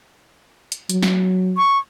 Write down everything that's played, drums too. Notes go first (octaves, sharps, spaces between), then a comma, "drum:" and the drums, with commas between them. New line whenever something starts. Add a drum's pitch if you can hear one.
drum: hi-hat
F#3, drum: hi-hat
drum: snare
C#6